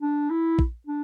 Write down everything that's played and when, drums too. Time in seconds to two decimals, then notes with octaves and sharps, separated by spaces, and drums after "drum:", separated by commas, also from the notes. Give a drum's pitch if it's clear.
0.02 D4
0.30 E4
0.59 drum: kick A#1
0.87 D4